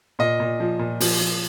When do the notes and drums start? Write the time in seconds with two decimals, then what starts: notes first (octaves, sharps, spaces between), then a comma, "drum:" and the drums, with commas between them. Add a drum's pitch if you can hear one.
0.19 A#2 D#5
0.40 A#2
0.60 F3
0.79 A#2
1.00 F3, drum: open hi-hat
1.21 F3